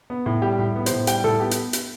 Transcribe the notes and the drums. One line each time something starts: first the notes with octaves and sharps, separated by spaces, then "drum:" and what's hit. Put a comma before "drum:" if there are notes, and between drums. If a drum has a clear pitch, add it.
B3
A2
G3 G4
A2
B3
C5, drum: hi-hat
A2
G3 G5, drum: hi-hat
A2 A4
B3 G4
drum: hi-hat
drum: hi-hat